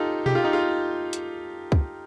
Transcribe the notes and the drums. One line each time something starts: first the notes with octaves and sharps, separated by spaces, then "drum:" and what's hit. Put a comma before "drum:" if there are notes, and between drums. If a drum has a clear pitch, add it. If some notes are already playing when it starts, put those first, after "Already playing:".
Already playing: D#4 F4 G4 A4
G4, drum: tom B2
F4
D#4
F4
drum: hi-hat
drum: kick